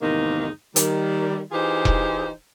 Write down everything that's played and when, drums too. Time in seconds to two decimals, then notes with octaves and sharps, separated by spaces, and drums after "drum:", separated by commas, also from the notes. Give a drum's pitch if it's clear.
0.02 E2 G#2 C3 D#3 A#3 D#4
0.76 D#3 G3, drum: hi-hat
1.52 E3 D#4 F4 G4 G#4 C5
1.85 drum: kick E1